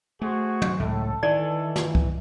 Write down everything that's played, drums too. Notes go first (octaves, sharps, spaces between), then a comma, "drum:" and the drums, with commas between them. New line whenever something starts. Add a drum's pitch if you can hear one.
A3 F#4 G#4 C5
drum: tom
C#2 A2 A4
D#3 E3 D5
drum: snare
drum: kick C2